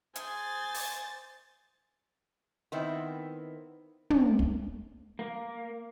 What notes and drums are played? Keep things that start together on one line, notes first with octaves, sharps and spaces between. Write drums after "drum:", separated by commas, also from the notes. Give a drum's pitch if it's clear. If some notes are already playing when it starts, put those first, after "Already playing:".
G#4 C5 G#5 A6, drum: hi-hat
drum: open hi-hat
D#3 B3 C4 E4
drum: tom
drum: kick
A#3